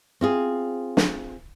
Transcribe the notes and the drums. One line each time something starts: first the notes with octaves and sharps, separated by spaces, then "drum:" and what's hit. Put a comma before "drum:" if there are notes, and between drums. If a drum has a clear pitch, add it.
C4 F4 G#4
drum: snare